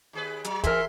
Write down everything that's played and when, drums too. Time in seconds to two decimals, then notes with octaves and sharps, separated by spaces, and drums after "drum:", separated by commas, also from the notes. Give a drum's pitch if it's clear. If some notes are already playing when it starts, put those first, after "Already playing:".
0.13 D#2 G#4 B4
0.44 F#3, drum: hi-hat
0.64 D#3 E3 G#4 A#4 E5 C6, drum: kick, hi-hat